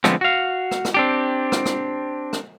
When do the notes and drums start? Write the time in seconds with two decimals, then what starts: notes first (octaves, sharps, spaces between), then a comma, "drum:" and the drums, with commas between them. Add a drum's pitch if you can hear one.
0.04 D3 F3 G#3 A3 B3 C4, drum: rim click
0.21 F#4 F5
0.71 drum: rim click
0.85 drum: rim click
0.94 C4 D4 G4
1.52 drum: rim click
1.66 drum: rim click
2.33 drum: rim click